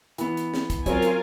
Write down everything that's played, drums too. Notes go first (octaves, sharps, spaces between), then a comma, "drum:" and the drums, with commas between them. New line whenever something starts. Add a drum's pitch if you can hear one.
E3 B3, drum: hi-hat
drum: hi-hat
drum: snare
drum: kick, hi-hat
F#3 C4 C#4 F4 A#4 G#5, drum: kick, hi-hat
drum: hi-hat